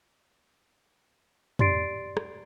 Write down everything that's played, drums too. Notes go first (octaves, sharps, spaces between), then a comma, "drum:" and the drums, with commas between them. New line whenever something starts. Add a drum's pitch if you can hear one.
G4 D5 C6 A6 C7 D7, drum: tom
drum: rim click